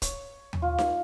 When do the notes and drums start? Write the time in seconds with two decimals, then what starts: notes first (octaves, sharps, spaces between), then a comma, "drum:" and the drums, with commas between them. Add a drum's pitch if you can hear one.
0.02 C#5, drum: kick D#1, hi-hat
0.53 drum: tom
0.62 F4
0.78 drum: snare D#4